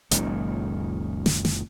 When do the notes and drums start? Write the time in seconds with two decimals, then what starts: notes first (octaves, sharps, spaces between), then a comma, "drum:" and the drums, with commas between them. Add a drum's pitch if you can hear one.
0.11 F#1 C#2 A#2 D#3, drum: hi-hat
1.26 drum: snare
1.45 drum: snare